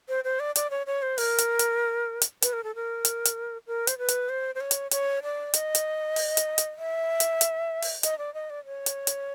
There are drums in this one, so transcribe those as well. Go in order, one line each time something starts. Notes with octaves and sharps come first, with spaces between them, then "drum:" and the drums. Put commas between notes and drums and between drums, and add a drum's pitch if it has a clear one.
C5
C5
D5
D5, drum: hi-hat
C#5
C#5
C5
A#4, drum: open hi-hat
drum: hi-hat
drum: hi-hat
drum: hi-hat
B4, drum: hi-hat
A#4
A4
A#4
drum: hi-hat
drum: hi-hat
A#4
C5, drum: hi-hat
B4
drum: hi-hat
C5
C5
C#5
drum: hi-hat
C#5, drum: hi-hat
D5
D#5, drum: hi-hat
drum: hi-hat
drum: open hi-hat
drum: hi-hat
drum: hi-hat
E5
drum: hi-hat
drum: hi-hat
drum: open hi-hat
D#5, drum: hi-hat
D5
D#5
D5
C#5
drum: hi-hat
drum: hi-hat